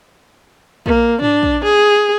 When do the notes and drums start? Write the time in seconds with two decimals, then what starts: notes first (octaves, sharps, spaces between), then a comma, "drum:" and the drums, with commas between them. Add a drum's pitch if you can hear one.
0.86 A#3, drum: kick
1.21 D4, drum: tom G#2
1.43 drum: kick
1.64 G#4